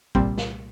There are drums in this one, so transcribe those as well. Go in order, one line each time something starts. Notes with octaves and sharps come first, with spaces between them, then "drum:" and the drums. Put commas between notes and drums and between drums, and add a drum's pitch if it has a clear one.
C2 A#2 G3 C4, drum: kick A1
drum: snare